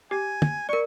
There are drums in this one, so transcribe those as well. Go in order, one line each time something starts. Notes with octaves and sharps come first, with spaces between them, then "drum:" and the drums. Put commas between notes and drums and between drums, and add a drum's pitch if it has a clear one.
G4 G#5
drum: tom
A#4 D5 C#6